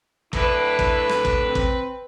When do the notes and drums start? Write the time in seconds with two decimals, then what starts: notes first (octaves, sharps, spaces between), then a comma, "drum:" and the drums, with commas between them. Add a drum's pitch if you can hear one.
0.33 A2 D4 E4 B4, drum: kick
0.79 drum: kick
1.09 drum: rim click
1.25 drum: kick
1.42 C4
1.55 drum: kick